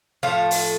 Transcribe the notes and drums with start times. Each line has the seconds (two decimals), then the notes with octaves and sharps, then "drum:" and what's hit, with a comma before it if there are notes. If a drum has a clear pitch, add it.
0.23 A2 F3 A3 F5
0.51 drum: open hi-hat